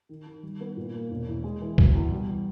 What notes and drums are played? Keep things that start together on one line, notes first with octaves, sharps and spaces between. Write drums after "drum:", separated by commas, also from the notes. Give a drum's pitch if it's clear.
D#3
D#3
G3
B3
A#2
A#3
E1
E2
G#3
E3
B2, drum: kick
E2
G3